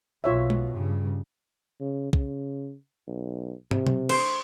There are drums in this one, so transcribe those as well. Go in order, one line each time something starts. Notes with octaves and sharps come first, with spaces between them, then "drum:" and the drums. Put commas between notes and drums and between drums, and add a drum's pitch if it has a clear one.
B1 B2 F4 C#5 E5
drum: tom
G2 C#3
C#3
C#3, drum: kick
B1
C3, drum: tom
drum: tom B2
C5, drum: cymbal